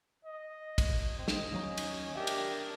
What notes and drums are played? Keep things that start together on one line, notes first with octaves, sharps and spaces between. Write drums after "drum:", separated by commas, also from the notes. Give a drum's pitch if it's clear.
D#5
drum: kick, cymbal
C4 D#5
drum: snare
D#2 F#3 C#4 A#5
drum: cymbal
D4 G4 A#4 E5
drum: cymbal